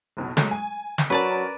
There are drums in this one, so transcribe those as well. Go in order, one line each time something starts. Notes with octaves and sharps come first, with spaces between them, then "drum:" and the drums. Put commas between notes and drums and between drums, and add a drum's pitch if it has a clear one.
F#1 B1 B2
F#3 G#3 A3, drum: snare
G#5
drum: snare
F#3 C#4 A#4 B4 D5 A5